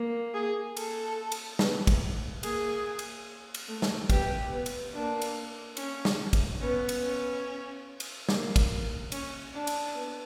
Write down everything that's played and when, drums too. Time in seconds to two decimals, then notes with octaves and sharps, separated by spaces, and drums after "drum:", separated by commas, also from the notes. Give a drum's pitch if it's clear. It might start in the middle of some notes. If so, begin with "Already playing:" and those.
Already playing: A#3
0.34 G#4
0.77 A4, drum: cymbal
1.32 drum: cymbal
1.59 B3, drum: snare
1.87 drum: kick, cymbal
2.43 A#3 G#4, drum: cymbal
2.99 drum: cymbal
3.54 drum: cymbal
3.68 A3
3.82 drum: snare
4.10 B3 G4, drum: kick, cymbal
4.52 B3
4.66 drum: cymbal
4.94 A#3 D4
5.22 drum: cymbal
5.77 C#4, drum: cymbal
6.05 drum: snare
6.33 drum: kick, cymbal
6.61 B3 C#4
6.89 drum: cymbal
7.03 C#4
8.00 drum: cymbal
8.29 A#3, drum: snare
8.56 drum: kick, cymbal
9.12 C#4, drum: cymbal
9.53 D4
9.67 drum: cymbal
9.95 B3